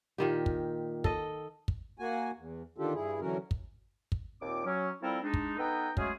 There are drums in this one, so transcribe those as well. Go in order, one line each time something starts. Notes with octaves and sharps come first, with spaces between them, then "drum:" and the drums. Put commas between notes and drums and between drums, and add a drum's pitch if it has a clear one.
A#2 D#3 G4
drum: kick
A4 D#5, drum: kick
drum: kick
A#3 F#4 G#5
E2
D3 D#3 D4 F4 G4 A4
G2 E4 G#4
D3 E3 F#3 C#4 F#4 A#4
drum: kick
drum: kick
D#2 A#2 C4 D6
F#3 C#4
F3 G3 C4 E4 A4 A#4
G#3 D4 D#4
drum: kick
B3 D#4 A4 B4 D#5 G5
F#3 G#3 A3 C#4 G#4, drum: kick